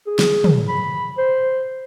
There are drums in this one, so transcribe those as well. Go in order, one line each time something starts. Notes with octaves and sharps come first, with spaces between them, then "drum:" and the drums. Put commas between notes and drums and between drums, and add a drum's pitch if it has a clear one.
G#4
drum: snare
drum: tom
B5
C5